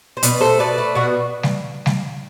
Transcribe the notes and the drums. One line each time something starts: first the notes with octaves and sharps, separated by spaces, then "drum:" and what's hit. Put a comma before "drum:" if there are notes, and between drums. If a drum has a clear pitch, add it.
C5
B2 B4 D5, drum: hi-hat
A3 A4 C5
B2 B4 D5
A3
B2 F#4
drum: snare
drum: snare